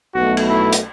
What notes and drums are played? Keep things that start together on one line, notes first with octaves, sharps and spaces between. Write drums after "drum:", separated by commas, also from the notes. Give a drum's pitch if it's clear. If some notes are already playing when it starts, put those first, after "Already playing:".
B1 B2 A3 F#4
drum: cymbal
E4
drum: hi-hat